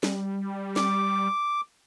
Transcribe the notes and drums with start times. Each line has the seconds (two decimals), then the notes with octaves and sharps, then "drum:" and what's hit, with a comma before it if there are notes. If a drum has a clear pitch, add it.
0.03 G3, drum: snare
0.76 D6, drum: snare